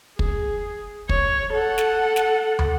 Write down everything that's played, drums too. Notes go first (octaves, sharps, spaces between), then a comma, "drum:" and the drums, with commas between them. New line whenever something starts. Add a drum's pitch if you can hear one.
G#4, drum: kick
C#5, drum: kick
A4 F#5
drum: snare
drum: snare
drum: tom